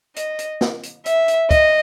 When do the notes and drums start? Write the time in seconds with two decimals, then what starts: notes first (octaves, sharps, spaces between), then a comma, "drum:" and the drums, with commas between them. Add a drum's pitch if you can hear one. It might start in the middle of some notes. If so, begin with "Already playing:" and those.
0.16 D#5, drum: hi-hat
0.39 drum: hi-hat
0.61 drum: snare
0.83 drum: hi-hat
1.06 E5, drum: hi-hat
1.28 drum: hi-hat
1.51 D#5, drum: kick, hi-hat